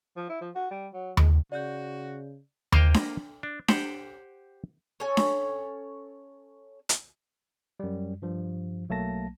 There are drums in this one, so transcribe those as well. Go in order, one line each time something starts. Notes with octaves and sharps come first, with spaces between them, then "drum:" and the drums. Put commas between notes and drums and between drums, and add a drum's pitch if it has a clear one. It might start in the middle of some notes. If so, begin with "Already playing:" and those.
F3
E4
F3
F#4
G3
F#3
G#3, drum: tom D#2
C#3 F#4 D5 G6
A#3 A#4 C5 D#5 F5 G5, drum: tom D#2
drum: snare D4
D4
G4 C5 F#5 G5, drum: snare D4
C#4 A4 C#5 G#5
drum: snare D4
drum: hi-hat
F#2 G3
G2 F3
B1 F#3 A3 A#3 A5 A#6